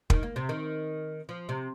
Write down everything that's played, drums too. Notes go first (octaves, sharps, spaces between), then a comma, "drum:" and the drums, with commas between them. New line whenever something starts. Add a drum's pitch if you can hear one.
D#3, drum: kick
A#3
C3
D#3
F3
C3